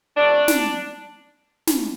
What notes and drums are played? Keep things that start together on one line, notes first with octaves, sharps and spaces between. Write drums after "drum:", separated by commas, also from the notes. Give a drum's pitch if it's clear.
C3 F3 A3 D4
drum: snare
drum: snare